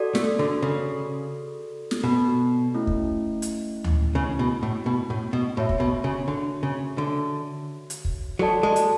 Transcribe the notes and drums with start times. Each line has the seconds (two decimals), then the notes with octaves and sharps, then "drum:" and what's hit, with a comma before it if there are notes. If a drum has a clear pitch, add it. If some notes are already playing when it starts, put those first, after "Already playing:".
Already playing: F#4 A4 D5
0.15 A3, drum: snare
0.39 D3
0.62 C#3
1.91 drum: snare
2.04 B2
2.75 A3 C#4 E4
2.87 drum: kick
3.42 drum: hi-hat
3.84 drum: tom D2
4.15 C#3
4.39 B2
4.63 A2
4.86 B2
5.10 A2
5.33 B2
5.57 A2 F#4 C#5 E5
5.69 drum: kick
5.80 B2
6.04 C#3
6.28 D3
6.63 C#3
6.98 D3
7.90 drum: hi-hat
8.05 drum: kick
8.39 F#3 F#4 A4 D5 A5
8.63 G#3
8.76 drum: hi-hat